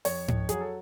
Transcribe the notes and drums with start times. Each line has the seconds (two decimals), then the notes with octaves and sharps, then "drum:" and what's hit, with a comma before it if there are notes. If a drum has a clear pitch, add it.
0.05 F2 C#5, drum: open hi-hat
0.28 F2, drum: tom G#2
0.49 F#3 G#4, drum: hi-hat
0.61 A4